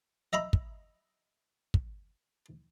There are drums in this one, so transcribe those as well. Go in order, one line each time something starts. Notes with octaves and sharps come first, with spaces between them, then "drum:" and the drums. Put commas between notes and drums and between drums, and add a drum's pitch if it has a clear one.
D#5 E5 A#5 B5
drum: kick
drum: kick